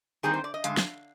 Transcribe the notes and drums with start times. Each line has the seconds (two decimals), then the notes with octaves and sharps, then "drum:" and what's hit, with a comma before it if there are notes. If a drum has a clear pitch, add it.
0.23 D#3 G3 C4 D#4 G#4
0.34 C5
0.44 D5
0.54 D#5
0.64 G2 D3 G#3 F5, drum: hi-hat
0.77 drum: snare